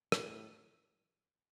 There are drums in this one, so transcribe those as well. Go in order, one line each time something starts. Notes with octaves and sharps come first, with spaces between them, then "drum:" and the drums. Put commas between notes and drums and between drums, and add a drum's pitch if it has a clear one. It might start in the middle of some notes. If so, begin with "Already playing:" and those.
A2, drum: rim click